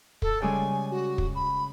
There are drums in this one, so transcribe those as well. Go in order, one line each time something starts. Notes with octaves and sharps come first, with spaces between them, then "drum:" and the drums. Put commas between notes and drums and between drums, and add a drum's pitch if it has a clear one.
A4, drum: kick
C#3 G3 G#3 G#5
F#4
drum: kick
B5